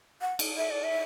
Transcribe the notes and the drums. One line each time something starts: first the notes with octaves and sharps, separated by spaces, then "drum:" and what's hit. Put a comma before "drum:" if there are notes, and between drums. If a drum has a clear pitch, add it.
F#5
drum: cymbal
E5
D5
E5